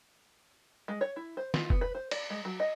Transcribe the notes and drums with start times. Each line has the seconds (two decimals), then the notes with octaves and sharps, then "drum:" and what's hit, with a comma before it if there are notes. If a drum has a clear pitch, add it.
0.88 G#3
1.01 C#5
1.16 E4
1.37 C5
1.54 F4, drum: snare
1.70 B3, drum: kick
1.81 B4
1.95 C5
2.11 D5, drum: cymbal
2.30 G#3
2.45 F#3
2.60 D#5